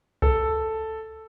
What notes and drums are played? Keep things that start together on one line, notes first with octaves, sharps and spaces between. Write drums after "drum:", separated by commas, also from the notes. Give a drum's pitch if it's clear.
A4, drum: kick C2